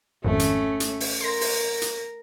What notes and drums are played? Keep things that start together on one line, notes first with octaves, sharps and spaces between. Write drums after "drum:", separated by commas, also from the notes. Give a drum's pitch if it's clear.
G#1 F2 A3 C#4
drum: hi-hat
drum: hi-hat
drum: open hi-hat
A#4 C6 A#6
drum: open hi-hat
drum: hi-hat